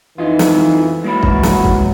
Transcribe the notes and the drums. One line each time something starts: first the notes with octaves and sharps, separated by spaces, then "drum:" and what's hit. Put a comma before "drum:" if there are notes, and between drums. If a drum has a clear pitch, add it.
F2 E3 D#4 F4
drum: snare
E3 F#3 G#3 A#3 B5
drum: kick
drum: snare
drum: kick